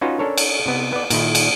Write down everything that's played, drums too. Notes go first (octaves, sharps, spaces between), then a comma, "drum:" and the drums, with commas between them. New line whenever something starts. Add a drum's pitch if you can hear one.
C#4 D#4 F4 F#4 B4
C#4 D4 A4 A#4 C#5
drum: cymbal
C3 B3
B3 D5
A#2 D#3 E4, drum: cymbal
drum: cymbal